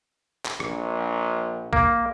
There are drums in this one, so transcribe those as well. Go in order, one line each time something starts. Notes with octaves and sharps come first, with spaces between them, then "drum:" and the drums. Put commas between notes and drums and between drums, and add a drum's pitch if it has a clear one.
drum: clap
A#1, drum: rim click
A#3, drum: kick A#1